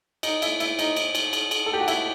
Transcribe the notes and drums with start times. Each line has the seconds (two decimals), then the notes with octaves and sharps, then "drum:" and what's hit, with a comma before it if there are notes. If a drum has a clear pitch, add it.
0.23 D#4, drum: cymbal
0.42 E4, drum: cymbal
0.60 E4, drum: cymbal
0.79 D#4, drum: cymbal
0.96 drum: cymbal
1.15 drum: cymbal
1.33 drum: cymbal
1.51 drum: cymbal
1.66 A4
1.73 G4
1.80 F#4
1.88 E4, drum: cymbal